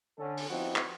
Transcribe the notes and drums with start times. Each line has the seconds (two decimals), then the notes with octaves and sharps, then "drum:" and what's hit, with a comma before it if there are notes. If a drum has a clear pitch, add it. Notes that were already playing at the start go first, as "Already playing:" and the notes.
0.18 D3 C#4 A4
0.37 drum: open hi-hat
0.50 F3 B3 C4 D#4 E4 F#4
0.76 drum: clap